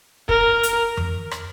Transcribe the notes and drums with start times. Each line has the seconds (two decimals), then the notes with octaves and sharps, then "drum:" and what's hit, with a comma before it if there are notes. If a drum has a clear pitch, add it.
0.29 A#4, drum: kick
0.63 drum: hi-hat
0.97 drum: tom F2
1.31 drum: rim click